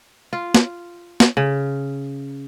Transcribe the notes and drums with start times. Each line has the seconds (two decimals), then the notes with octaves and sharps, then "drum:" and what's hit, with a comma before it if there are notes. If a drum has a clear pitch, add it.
0.33 F4
0.54 drum: snare
1.20 drum: snare
1.37 C#3